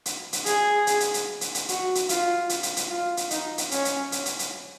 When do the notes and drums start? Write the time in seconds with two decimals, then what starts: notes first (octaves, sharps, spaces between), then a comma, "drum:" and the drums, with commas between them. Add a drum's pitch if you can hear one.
0.06 drum: hi-hat
0.33 drum: hi-hat
0.46 G#4, drum: hi-hat
0.87 drum: hi-hat
1.00 drum: hi-hat
1.14 drum: hi-hat
1.41 drum: hi-hat
1.55 drum: hi-hat
1.68 F#4, drum: hi-hat
1.95 drum: hi-hat
2.09 F4, drum: hi-hat
2.49 drum: hi-hat
2.63 drum: hi-hat
2.77 drum: hi-hat
2.90 F4
3.17 drum: hi-hat
3.31 D#4, drum: hi-hat
3.58 drum: hi-hat
3.71 C#4, drum: hi-hat
3.85 drum: hi-hat
4.12 drum: hi-hat
4.26 drum: hi-hat
4.39 drum: hi-hat